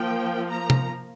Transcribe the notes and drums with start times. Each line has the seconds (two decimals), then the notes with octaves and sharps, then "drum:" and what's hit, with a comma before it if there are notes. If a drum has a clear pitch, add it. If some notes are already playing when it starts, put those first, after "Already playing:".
Already playing: F3 A#3 G5
0.49 A#5
0.70 drum: tom C3